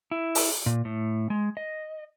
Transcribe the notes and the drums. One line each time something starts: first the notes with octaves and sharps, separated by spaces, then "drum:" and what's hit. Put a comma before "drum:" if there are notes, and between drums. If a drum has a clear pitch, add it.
E4
drum: open hi-hat
A#2
A2
G#3
D#5